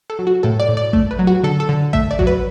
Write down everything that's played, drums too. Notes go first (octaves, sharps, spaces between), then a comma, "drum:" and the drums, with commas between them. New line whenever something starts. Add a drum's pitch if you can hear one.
A4
F#3
F#4
A2 A4
D5
A2
D5
A3, drum: kick A1
B4
F#3
F#4
D3 A4
A4
D3
A3 E5, drum: kick A1
D5
F#3, drum: kick A1
B4